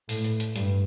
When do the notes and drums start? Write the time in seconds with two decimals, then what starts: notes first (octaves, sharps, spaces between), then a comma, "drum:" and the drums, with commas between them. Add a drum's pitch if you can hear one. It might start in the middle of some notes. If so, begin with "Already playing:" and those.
0.09 A2, drum: open hi-hat
0.24 drum: hi-hat
0.40 drum: hi-hat
0.56 G2, drum: hi-hat